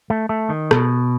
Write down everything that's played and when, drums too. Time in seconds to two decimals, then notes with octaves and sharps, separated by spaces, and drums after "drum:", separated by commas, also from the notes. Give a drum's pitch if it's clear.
0.10 A3
0.29 A3
0.50 D#3
0.71 B2, drum: rim click